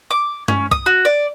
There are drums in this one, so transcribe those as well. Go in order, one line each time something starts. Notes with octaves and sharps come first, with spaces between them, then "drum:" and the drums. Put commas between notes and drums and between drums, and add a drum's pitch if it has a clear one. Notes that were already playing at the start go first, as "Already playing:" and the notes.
D6
C#4, drum: tom
D#6, drum: kick
F#4
D5